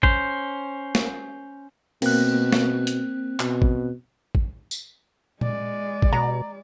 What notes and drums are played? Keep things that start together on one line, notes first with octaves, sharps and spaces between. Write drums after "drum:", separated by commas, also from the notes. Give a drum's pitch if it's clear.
C#4 C5, drum: kick
drum: snare
B2 A#3 C4 F#6, drum: cymbal
drum: snare
drum: hi-hat
B2, drum: clap
drum: kick
drum: kick
drum: tambourine
G#3 D5, drum: tom A#2
drum: kick
B2 A#5